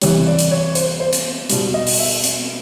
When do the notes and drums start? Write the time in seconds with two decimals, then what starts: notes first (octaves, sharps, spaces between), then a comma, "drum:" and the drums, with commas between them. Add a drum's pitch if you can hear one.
0.02 C3 E3 G3 C#5, drum: hi-hat
0.27 D5
0.39 drum: hi-hat
0.51 C#5
0.75 C5, drum: hi-hat
1.00 C5
1.13 drum: hi-hat
1.50 B2 G3 D5, drum: hi-hat
1.74 D#5
1.87 drum: open hi-hat
2.00 E5
2.24 drum: hi-hat